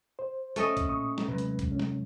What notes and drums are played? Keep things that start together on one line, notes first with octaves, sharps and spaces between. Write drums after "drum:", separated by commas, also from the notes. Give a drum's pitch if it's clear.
C5
A3 C#4 D#5, drum: hi-hat
drum: kick, hi-hat
A#2 C#6 D#6
drum: snare
C3 F#3 G#3 B4
drum: hi-hat
drum: kick, hi-hat
F#2 C#4
drum: snare